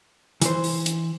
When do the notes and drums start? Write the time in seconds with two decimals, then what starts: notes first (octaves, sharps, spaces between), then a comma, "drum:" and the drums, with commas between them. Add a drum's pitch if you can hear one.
0.42 E3 C5, drum: hi-hat
0.64 drum: open hi-hat
0.86 drum: hi-hat